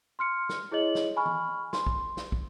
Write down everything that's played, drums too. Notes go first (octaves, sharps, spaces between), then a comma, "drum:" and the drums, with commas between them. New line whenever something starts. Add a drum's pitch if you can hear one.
C6 F6 C#7
drum: snare
E4 G#4 C#5 D#5 F#7
drum: snare
G#5 B5 C#6 F6
drum: tom E3
C6, drum: snare
drum: kick
drum: snare
drum: kick